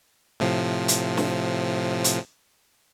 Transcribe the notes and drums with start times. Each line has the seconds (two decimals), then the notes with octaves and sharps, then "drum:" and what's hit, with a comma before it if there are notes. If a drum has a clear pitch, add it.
0.40 A2 C3 F3
0.88 drum: hi-hat
1.17 drum: snare
2.04 drum: hi-hat